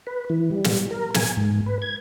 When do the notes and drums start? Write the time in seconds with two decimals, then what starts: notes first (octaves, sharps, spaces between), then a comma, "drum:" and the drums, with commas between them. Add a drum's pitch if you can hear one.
0.07 B4
0.30 E3
0.51 G3
0.64 drum: snare
0.91 A#4
1.14 G#5, drum: snare
1.37 G#2
1.66 B4
1.82 G#6